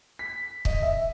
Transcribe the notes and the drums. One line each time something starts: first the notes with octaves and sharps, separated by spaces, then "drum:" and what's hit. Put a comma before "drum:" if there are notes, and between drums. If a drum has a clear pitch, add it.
B6
D#5, drum: kick
E5